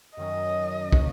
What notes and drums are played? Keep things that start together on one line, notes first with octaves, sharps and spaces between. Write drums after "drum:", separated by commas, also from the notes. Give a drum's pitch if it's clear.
F#2 D#3 F#3 C#4 D#5
C#3 A#3 F#4, drum: kick